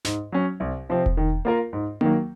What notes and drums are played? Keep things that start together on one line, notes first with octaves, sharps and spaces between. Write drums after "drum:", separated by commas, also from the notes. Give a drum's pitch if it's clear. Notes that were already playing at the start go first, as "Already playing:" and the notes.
G#2, drum: snare
F#3 C#4
C2
C3 F3 C4
drum: kick E1
D#3
A#3 F4 A#4
G#2
D#3 F#3 A#3, drum: tom A#3